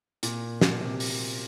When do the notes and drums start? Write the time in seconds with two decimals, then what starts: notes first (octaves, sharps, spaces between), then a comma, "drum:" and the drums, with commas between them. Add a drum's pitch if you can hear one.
0.23 A#2, drum: hi-hat
0.61 B2, drum: snare
0.81 C3
1.00 drum: open hi-hat